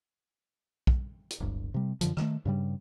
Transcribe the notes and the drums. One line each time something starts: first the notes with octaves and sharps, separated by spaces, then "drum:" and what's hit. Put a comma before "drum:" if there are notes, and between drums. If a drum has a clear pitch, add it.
drum: kick
drum: hi-hat
D1 G1
C3 G3
F#2 D3 F3, drum: hi-hat
D#3 F3 A3, drum: rim click
G2 C#3 G3